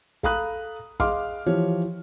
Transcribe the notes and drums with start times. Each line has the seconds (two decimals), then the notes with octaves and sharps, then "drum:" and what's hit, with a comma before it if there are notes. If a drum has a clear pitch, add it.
0.23 A4 F5 A#5 B5 D#6 F#6, drum: kick
1.00 G#4 D#5 F5 C6 D6 F6, drum: kick
1.46 E3 F3 G4 C#5